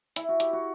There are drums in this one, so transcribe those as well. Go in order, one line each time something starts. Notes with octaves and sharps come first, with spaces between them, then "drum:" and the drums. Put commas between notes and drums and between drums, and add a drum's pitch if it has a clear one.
E4, drum: hi-hat
F#4
G4, drum: hi-hat
F#4